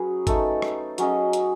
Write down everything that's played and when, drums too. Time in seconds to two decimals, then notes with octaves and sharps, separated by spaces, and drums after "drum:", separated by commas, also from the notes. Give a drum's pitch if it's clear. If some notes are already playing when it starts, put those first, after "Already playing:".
Already playing: F#3 C#4 G#4 B4
0.27 A3 D#4 A4, drum: kick G#1, hi-hat
0.62 drum: rim click
0.98 F#3 C#4 G#4 D#5, drum: hi-hat
1.33 drum: hi-hat